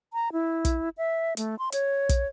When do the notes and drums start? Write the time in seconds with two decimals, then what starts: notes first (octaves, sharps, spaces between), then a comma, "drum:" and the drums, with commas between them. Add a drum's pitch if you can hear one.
0.13 A#5
0.33 E4
0.65 drum: kick, hi-hat
0.98 E5
1.37 A3, drum: hi-hat
1.59 C6
1.72 C#5, drum: hi-hat
2.09 drum: kick, hi-hat